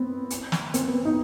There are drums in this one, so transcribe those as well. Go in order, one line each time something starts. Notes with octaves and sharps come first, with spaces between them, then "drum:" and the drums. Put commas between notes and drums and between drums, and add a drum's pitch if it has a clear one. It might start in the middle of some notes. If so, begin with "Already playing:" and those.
Already playing: B3 C4
drum: hi-hat
drum: snare
C4, drum: hi-hat
B3
D#4